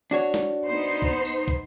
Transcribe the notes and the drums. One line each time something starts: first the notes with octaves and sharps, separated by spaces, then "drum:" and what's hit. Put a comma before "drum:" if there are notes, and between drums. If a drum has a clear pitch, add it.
D4 F#4 C#5
drum: snare
B3 D#4 C5
drum: kick
drum: tambourine
drum: kick